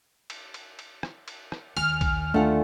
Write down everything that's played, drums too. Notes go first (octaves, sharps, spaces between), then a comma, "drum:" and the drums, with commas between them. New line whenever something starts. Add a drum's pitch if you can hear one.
drum: cymbal
drum: cymbal
drum: cymbal
drum: rim click
drum: cymbal
drum: rim click
D#2 G#5 F6, drum: cymbal
drum: kick, cymbal
D3 A3 F4 F#5 G#5